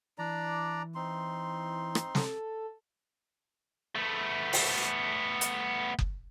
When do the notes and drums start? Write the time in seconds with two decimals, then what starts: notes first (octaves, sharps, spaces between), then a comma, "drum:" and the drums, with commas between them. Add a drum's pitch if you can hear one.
0.18 E3 D4 D5 A#5
0.95 C4 D#4 C6
1.95 drum: rim click
2.15 A4, drum: snare
3.95 A3 B3
4.53 drum: open hi-hat
5.41 drum: hi-hat
5.99 drum: kick F#1